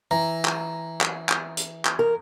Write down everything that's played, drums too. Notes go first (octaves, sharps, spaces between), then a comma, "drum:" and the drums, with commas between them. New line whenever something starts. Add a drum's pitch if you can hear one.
E3 A#5
drum: clap
drum: clap
drum: clap
drum: hi-hat
drum: clap
A#4